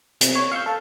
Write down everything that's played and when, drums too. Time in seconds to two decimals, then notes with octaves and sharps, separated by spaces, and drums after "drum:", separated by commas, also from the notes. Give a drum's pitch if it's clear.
0.21 C3, drum: hi-hat
0.35 C#5
0.51 F5 C#6 E6 G6
0.66 A4 F5 A5